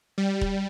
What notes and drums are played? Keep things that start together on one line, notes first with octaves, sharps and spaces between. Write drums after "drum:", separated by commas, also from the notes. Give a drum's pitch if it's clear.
G3
drum: kick E1